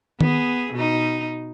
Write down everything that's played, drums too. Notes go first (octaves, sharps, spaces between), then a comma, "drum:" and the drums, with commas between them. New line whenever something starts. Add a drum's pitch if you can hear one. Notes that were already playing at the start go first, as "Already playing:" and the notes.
B3 G#4, drum: tom D#3
B2 D#4